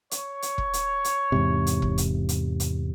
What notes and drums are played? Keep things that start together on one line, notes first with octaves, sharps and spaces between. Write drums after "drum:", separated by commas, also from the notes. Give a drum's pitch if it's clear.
C#5, drum: hi-hat
drum: hi-hat
drum: kick E1
drum: hi-hat
drum: hi-hat
E2 G#2 C3
drum: hi-hat
drum: kick E1
drum: hi-hat
drum: hi-hat
drum: hi-hat